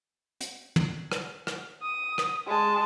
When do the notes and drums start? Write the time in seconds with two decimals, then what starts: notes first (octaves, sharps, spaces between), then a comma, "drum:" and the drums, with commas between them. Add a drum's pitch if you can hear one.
0.41 drum: hi-hat
0.76 drum: tom
1.12 drum: rim click
1.47 drum: rim click
1.83 D#6
2.18 drum: rim click
2.47 G#3 A5